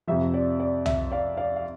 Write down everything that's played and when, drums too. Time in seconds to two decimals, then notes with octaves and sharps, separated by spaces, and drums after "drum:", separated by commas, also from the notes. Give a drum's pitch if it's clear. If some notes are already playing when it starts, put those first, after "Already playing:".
0.07 F2 C3 F3 E5
0.34 D5
0.60 D5
0.86 E5, drum: tom C2
1.12 D5 F5
1.37 D5 F5
1.56 F5